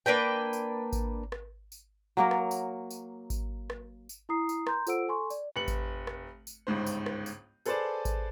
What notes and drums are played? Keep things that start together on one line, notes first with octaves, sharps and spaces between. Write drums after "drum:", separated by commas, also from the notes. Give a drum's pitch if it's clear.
A#3 D4 B4 G5
drum: tambourine
drum: kick G#1, tambourine
drum: rim click
drum: tambourine
F#3 A#3 A#4
drum: rim click
drum: tambourine
drum: tambourine
drum: kick G#1, tambourine
drum: rim click
drum: tambourine
E4 A#5 D#6 C7
drum: tambourine
A#5 C6 G6, drum: rim click
F4 A4 C5 F#5 E6 D7, drum: tambourine
A4 G#5 C6 C#6
D5, drum: tambourine
F1 B4 C#7 F#7
drum: kick G#1, tambourine
drum: rim click
drum: tambourine
G1 C#2 G#2 C5
drum: tambourine
drum: rim click
drum: tambourine
G#4 A4 B4 C5 D5 A5, drum: tambourine
drum: kick G#1, tambourine